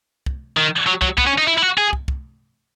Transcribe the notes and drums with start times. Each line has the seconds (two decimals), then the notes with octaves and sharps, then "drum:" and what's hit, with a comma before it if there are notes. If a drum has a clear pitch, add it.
0.26 drum: kick
0.57 D#3
0.87 F#3
1.02 F#3, drum: kick
1.18 B3, drum: kick
1.27 C#4
1.38 D#4
1.47 E4
1.58 E4
1.62 F#4
1.78 G#4
1.93 drum: kick
2.08 drum: kick